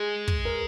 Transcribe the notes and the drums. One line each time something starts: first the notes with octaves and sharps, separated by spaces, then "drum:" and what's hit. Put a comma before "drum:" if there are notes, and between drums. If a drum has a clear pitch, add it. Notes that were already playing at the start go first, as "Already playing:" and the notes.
Already playing: G#3 G#4
drum: kick
A#4